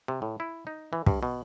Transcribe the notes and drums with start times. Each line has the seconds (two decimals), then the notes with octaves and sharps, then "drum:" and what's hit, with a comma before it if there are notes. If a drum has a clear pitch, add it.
0.08 C3
0.22 A2
0.40 E4
0.67 D#4
0.93 E3
1.06 G2, drum: kick
1.23 B2